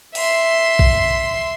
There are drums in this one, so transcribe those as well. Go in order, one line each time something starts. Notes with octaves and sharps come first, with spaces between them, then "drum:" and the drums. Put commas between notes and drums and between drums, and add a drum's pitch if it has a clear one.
E5 C6, drum: open hi-hat
drum: kick A#1